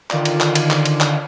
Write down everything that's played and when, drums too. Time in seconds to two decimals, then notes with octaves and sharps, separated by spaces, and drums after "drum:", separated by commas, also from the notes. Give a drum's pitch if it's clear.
0.10 D3 D#3 F4 D5, drum: clap
0.25 drum: cymbal
0.40 drum: clap
0.55 drum: cymbal
0.70 drum: clap
0.85 drum: cymbal
1.00 drum: clap